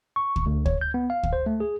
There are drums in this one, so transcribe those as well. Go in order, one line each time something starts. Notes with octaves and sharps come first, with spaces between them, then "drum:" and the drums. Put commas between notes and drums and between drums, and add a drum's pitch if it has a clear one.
C#6
drum: kick
D2
C#5, drum: kick
G6
B3
F5
drum: kick
C5
A3
G#4